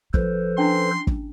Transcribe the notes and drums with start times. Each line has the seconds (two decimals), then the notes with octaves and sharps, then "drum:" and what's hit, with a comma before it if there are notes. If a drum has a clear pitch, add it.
0.14 F3 A4 B4 C5, drum: kick
0.58 C#4 D4 E4 C6
1.07 drum: kick